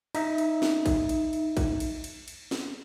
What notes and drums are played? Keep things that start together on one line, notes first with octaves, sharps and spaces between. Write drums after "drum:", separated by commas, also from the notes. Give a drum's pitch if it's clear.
D#4 E5, drum: cymbal
drum: cymbal
drum: snare
drum: kick, cymbal
drum: cymbal
drum: cymbal
drum: kick, cymbal
drum: cymbal
drum: cymbal
drum: cymbal
drum: snare